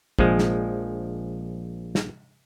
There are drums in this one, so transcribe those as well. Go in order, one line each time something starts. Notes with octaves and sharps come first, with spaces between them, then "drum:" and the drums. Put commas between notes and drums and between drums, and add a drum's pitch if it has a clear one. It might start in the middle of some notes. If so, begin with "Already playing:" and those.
A#1 F3 G#3, drum: kick
drum: snare
drum: snare